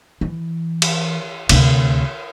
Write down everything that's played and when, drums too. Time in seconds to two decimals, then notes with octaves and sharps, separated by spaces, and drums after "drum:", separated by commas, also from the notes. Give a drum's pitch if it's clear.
0.21 E3
0.82 drum: cymbal
1.49 D2 C3, drum: cymbal